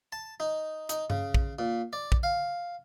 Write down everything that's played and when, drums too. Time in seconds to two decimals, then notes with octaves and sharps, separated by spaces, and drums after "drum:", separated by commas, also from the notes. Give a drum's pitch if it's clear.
0.12 A5
0.40 D#4
0.89 D#4, drum: hi-hat
1.10 C#3, drum: tom G2
1.34 drum: kick A#1
1.59 A#2
1.93 D5
2.12 drum: kick A#1
2.23 F5